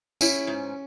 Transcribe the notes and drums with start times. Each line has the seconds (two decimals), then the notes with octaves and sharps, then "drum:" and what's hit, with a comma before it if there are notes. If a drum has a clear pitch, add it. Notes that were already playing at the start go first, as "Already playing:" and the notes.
0.21 C#4 E4, drum: tambourine
0.47 G#2